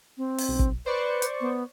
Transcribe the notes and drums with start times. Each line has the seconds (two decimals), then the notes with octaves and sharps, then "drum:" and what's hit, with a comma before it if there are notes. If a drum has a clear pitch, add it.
0.18 C4
0.38 drum: open hi-hat
0.48 B1
0.59 drum: kick
0.86 B4 C5 D5 C#6
1.22 drum: hi-hat
1.41 B3